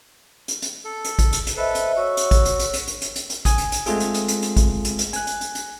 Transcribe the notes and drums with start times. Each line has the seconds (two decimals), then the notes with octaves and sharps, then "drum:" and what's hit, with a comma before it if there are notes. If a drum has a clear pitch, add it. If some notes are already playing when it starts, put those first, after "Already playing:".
0.48 drum: hi-hat
0.62 drum: hi-hat
0.85 A4
1.05 drum: hi-hat
1.19 drum: kick, hi-hat
1.33 drum: hi-hat
1.47 drum: hi-hat
1.57 A4 B4 C5 D#5 E5
1.75 drum: hi-hat
1.97 F#4 C#5 E6
2.17 drum: hi-hat
2.31 drum: kick, hi-hat
2.45 drum: hi-hat
2.59 drum: hi-hat
2.74 drum: hi-hat
2.88 drum: hi-hat
3.02 drum: hi-hat
3.16 drum: hi-hat
3.30 drum: hi-hat
3.45 G#5 D#6, drum: kick, hi-hat
3.58 drum: hi-hat
3.72 drum: hi-hat
3.86 G#3 A3 C4 F4 G#4 A4, drum: hi-hat
4.00 drum: hi-hat
4.14 drum: hi-hat
4.28 drum: hi-hat
4.42 drum: hi-hat
4.57 drum: kick, hi-hat
4.85 drum: hi-hat
4.99 drum: hi-hat
5.13 G#5 F#6, drum: hi-hat
5.27 drum: hi-hat
5.41 drum: hi-hat
5.55 drum: hi-hat